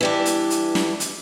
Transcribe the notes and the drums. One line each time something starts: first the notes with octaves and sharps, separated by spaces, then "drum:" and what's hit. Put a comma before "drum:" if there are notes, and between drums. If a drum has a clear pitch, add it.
E3 G3 D4
drum: hi-hat
drum: hi-hat
drum: snare
drum: hi-hat